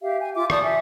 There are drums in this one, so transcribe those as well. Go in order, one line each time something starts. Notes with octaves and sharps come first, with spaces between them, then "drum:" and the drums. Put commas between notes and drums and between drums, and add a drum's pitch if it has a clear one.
G4 E5 F5
G#5
F4 E5 D6
D5 A5 D#6 G6, drum: rim click
E5 G#5